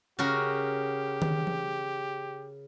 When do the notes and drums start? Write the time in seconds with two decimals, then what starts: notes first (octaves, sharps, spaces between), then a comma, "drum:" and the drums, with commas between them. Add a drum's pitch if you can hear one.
0.19 C#3 F#4 G4 A#4
1.22 drum: tom D#3
1.47 drum: tom E3